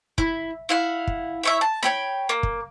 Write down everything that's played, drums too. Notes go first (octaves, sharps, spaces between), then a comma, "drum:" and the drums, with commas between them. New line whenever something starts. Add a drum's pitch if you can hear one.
E4, drum: kick
E4 F5 F#5
drum: kick
E4 C#5 E5
A5
C#5 G5 B5, drum: snare
A#3
drum: kick